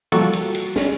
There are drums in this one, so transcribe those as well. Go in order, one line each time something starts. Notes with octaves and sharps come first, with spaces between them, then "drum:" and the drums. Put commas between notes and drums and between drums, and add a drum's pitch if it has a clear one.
F3 G3 A#3 F#4 A4, drum: cymbal
drum: cymbal
drum: cymbal
drum: snare